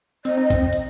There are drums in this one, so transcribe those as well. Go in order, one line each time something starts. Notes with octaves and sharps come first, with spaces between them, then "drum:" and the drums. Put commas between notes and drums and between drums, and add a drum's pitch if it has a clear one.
C4 D#5, drum: hi-hat
D#4
C4, drum: kick, hi-hat
drum: hi-hat